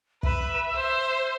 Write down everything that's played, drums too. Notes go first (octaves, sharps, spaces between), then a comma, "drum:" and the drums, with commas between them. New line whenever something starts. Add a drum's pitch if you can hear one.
B4 E5, drum: kick
C5